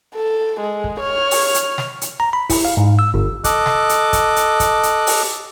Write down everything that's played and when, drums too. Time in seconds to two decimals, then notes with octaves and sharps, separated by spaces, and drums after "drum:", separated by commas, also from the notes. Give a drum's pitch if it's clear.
0.15 A4
0.61 G#3
0.84 drum: kick
1.00 C#5 F6
1.31 drum: open hi-hat
1.54 drum: hi-hat
1.78 drum: snare
2.01 drum: hi-hat
2.20 A#5
2.33 B5
2.50 E4, drum: kick, open hi-hat
2.65 F5
2.77 G#2
2.99 E6
3.14 G1
3.44 A4 D#5 D6 F#6, drum: kick, hi-hat
3.66 drum: snare
3.89 drum: hi-hat
4.13 drum: kick, hi-hat
4.36 drum: hi-hat
4.60 drum: kick, hi-hat
4.83 drum: hi-hat
5.07 drum: open hi-hat